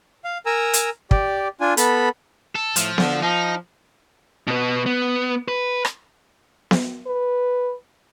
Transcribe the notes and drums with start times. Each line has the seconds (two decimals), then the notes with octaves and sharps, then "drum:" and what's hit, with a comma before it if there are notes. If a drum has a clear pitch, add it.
0.25 F5
0.46 A#4 G#5 A#5 E6
0.73 drum: hi-hat
1.11 G4 D5, drum: kick
1.61 D4 F4 G#5
1.77 B3 A4 B5, drum: hi-hat
2.55 A4
2.76 A2 F3, drum: hi-hat
2.98 D3, drum: snare B3
3.22 F3 D#4
4.47 B2 B3
4.86 B3
5.48 B4
5.85 drum: rim click
6.71 drum: snare B3
7.07 B4